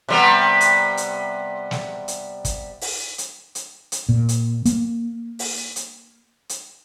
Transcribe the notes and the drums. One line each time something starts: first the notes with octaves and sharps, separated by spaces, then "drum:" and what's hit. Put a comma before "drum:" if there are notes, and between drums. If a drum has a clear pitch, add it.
C3 G3 B3
drum: hi-hat
drum: hi-hat
drum: snare
drum: hi-hat
drum: kick, hi-hat
drum: open hi-hat
drum: hi-hat
drum: hi-hat
drum: hi-hat
A#2
drum: hi-hat
A#3, drum: hi-hat
drum: open hi-hat
drum: hi-hat
drum: hi-hat